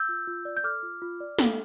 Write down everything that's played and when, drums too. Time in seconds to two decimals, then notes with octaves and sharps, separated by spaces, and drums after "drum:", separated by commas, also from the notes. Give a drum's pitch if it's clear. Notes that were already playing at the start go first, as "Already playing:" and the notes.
Already playing: E6 G6
0.09 F4
0.27 F4
0.45 D5
0.57 G6
0.64 A4 D6 F6
0.83 F4
1.02 F4
1.20 D5
1.39 A4, drum: snare